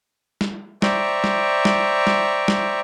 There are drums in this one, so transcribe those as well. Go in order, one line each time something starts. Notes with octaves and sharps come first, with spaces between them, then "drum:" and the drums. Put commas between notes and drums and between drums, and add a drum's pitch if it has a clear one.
drum: snare
C5 D5 E5 G5 A#5 C#6, drum: snare
drum: snare
drum: snare
drum: snare
drum: snare